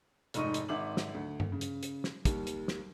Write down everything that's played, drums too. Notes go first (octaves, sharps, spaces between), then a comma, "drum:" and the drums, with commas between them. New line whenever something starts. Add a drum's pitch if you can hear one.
F1 G#2 D#4 C#6 D#7, drum: hi-hat
drum: hi-hat
G#1 E5 D6 F#7
drum: snare
D2
drum: tom G2
C#3
drum: hi-hat
drum: hi-hat
drum: snare
D#2 G3, drum: kick, hi-hat
drum: hi-hat
drum: snare